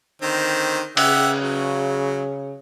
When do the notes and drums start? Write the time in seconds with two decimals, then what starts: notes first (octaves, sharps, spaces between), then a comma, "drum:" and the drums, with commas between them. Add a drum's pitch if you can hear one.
0.22 D3 D#3 C4
0.97 C#3 G4 E5 F#5, drum: cymbal
1.40 F#3